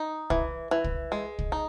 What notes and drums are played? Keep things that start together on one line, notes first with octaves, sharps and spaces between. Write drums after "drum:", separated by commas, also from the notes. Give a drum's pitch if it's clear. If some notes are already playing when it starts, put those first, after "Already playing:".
Already playing: D#4
E3, drum: kick
E3
drum: kick
G#3
drum: kick
D#4